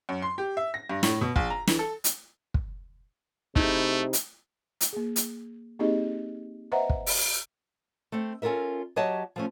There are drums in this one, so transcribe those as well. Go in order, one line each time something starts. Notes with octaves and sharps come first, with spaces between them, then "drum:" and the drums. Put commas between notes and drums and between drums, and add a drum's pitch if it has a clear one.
F#2
C6
G4
E5
A#6
G2
A2, drum: snare
B2
A#1, drum: kick
A#5
E3, drum: snare
A4
drum: hi-hat
drum: kick
C3 A3 D#4 E4 G#4, drum: kick
drum: hi-hat
drum: hi-hat
A#3 G#4
drum: hi-hat
A#3 C4 D#4 G4 G#4 D#5
B4 C5 D#5 E5 F#5 A#5
drum: kick
drum: open hi-hat
A3 C4 A4
C#4 F4 A4 A#4 E5
F#3 G4 C#5 D#5 E5 A5
F3 A3 C#4